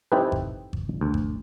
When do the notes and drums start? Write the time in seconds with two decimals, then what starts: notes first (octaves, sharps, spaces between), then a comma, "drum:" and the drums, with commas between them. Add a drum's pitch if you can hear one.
0.12 C4 D#4 E4 G4 A4 B4
0.32 drum: kick G#1
0.73 drum: kick G#1
1.01 D2
1.14 drum: kick G#1